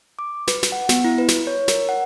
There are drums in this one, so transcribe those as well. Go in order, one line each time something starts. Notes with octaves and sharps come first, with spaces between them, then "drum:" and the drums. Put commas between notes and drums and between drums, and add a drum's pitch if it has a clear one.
D6
B4, drum: snare
drum: snare
F#5
B3, drum: snare
E4
B4
drum: snare
C#5
A#4, drum: snare
F#5